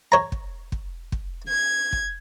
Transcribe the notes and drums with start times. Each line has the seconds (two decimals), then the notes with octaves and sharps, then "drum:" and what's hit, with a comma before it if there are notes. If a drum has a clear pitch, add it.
0.12 C#5 A#5
0.32 drum: kick
0.72 drum: kick
1.12 drum: kick
1.49 G#6
1.93 drum: kick